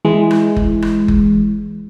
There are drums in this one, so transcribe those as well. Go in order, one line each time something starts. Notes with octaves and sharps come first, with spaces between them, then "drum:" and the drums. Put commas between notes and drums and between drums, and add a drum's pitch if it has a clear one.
E3 G#3
drum: rim click
drum: kick F#1
drum: rim click
drum: kick F#1